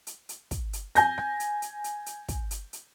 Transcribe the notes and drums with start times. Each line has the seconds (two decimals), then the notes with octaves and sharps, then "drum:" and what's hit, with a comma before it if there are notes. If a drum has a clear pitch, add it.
0.07 drum: hi-hat
0.29 drum: hi-hat
0.51 drum: kick, hi-hat
0.73 drum: hi-hat
0.95 G#5 G6 A#6, drum: hi-hat
1.18 drum: rim click
1.40 drum: hi-hat
1.62 drum: hi-hat
1.84 drum: hi-hat
2.06 drum: hi-hat
2.28 drum: kick, hi-hat
2.51 drum: hi-hat
2.73 drum: hi-hat